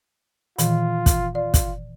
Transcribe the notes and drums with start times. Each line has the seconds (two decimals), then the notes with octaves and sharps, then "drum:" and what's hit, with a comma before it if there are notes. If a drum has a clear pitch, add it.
0.58 A#2 D#3 E3 F4, drum: hi-hat
1.06 drum: kick, hi-hat
1.35 F4 D5
1.54 drum: kick, hi-hat